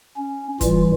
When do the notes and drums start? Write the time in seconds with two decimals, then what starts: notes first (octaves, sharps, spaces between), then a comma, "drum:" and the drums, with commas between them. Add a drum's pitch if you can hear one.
0.17 C#4
0.61 A2 E3 G3 F4, drum: kick, hi-hat